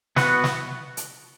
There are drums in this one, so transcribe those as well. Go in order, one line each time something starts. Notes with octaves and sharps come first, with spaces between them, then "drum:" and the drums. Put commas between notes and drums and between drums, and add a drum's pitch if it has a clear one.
B3 F#4 B4, drum: snare
drum: snare
drum: hi-hat